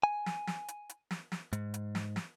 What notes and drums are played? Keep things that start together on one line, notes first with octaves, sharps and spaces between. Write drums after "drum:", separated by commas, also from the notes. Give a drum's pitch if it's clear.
G#5
drum: snare
drum: snare
drum: hi-hat
drum: hi-hat
drum: snare
drum: snare
G#2, drum: hi-hat
drum: hi-hat
drum: snare
drum: snare